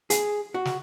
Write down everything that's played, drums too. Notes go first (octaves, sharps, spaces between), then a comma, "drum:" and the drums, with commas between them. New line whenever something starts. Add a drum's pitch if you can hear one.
G#4, drum: hi-hat
F#4
drum: snare